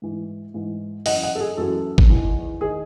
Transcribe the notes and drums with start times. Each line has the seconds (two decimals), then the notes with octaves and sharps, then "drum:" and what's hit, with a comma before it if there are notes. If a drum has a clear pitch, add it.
0.02 G#2 E3
0.54 G#2 E3
1.06 F#2 E3 D#5 F#5, drum: open hi-hat
1.23 D#5 F#5
1.35 A4
1.40 G#4
1.57 F#2 E3 F#4 A4
1.98 drum: kick
2.09 E2 D#3
2.61 D#3 G#4